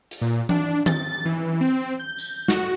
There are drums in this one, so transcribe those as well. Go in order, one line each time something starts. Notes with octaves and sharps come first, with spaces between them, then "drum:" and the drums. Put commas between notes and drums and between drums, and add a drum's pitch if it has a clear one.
drum: hi-hat
A#2
D4, drum: tom E3
A6, drum: tom D#3
E3
C4
G6
drum: tambourine
F#4, drum: snare